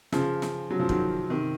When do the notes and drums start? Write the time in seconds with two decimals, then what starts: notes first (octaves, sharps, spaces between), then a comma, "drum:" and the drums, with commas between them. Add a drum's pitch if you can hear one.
0.12 C#3 F3, drum: snare
0.42 drum: snare
0.70 F#3
0.80 F3
0.89 D#3 F#3, drum: kick
1.30 C3 D#3